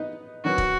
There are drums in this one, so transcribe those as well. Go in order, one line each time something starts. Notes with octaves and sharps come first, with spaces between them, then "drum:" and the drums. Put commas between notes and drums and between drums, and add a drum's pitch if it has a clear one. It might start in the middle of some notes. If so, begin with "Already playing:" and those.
Already playing: B3 D#4 B4 D#5
D#3 F#3 C#4 F#4 B4
drum: kick